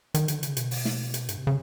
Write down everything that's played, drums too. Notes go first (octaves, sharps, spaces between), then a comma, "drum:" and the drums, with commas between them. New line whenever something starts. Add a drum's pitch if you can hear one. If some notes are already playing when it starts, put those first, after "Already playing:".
D#3, drum: hi-hat
D3, drum: hi-hat
C#3, drum: hi-hat
B2, drum: hi-hat
drum: open hi-hat
drum: snare
drum: hi-hat
G2, drum: hi-hat
C3
C#3